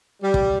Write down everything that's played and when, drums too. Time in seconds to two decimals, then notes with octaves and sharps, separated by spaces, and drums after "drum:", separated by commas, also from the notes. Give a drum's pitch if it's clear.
0.22 G3
0.34 drum: kick